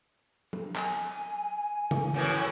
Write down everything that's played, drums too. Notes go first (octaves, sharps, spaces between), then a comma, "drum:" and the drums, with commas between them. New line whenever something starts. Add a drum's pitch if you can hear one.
drum: tom
G#5, drum: clap
drum: tom C#3
F#2 A2 E3